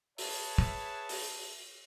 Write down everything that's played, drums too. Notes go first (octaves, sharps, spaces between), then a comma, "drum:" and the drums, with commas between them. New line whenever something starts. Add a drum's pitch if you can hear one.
G#4 B4 C#5 E5 A5, drum: open hi-hat
drum: kick
drum: open hi-hat